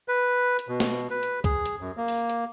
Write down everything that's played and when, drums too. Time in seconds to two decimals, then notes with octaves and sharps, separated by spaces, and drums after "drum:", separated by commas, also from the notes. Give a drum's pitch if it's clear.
0.08 B4
0.59 drum: hi-hat
0.68 B2
0.80 drum: snare
1.11 B4
1.23 drum: hi-hat
1.44 G#4, drum: kick C#2, hi-hat
1.66 drum: hi-hat
1.81 F#2
1.97 A#3
2.08 drum: open hi-hat
2.29 drum: hi-hat